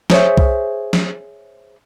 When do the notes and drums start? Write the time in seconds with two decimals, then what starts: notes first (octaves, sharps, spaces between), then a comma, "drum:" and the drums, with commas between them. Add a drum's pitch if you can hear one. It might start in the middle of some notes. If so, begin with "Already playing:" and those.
0.10 G#4 C5 C#5 E5, drum: snare
0.37 drum: kick
0.93 drum: snare